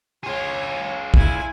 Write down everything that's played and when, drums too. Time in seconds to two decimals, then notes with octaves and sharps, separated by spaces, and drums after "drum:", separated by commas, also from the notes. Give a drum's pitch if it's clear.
0.23 F4 G#4 C#5
1.14 E4 G#5, drum: kick